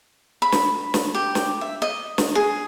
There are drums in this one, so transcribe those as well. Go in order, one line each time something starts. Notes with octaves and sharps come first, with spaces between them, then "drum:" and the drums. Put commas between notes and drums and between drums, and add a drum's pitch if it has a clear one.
B5
drum: snare
drum: snare
G4
drum: snare
E5
D#5
drum: snare
G#4